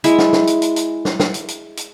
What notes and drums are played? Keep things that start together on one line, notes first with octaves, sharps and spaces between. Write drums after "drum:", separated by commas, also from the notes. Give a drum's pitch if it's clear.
G#3 E4 E5, drum: hi-hat
drum: snare
drum: snare
drum: hi-hat
drum: hi-hat
drum: hi-hat
drum: snare
drum: snare
drum: hi-hat
drum: hi-hat
drum: hi-hat